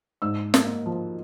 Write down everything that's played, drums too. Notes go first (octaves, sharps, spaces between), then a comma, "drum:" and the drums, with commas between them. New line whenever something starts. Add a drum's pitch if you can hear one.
G#2 E6
A#3, drum: snare
F3